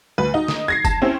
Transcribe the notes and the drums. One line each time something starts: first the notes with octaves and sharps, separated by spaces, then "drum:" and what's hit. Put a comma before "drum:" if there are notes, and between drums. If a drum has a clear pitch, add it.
D2 B4
D#4
drum: snare
G#6 A#6 C7
A5, drum: kick, tambourine
C4 C#4 E4 G5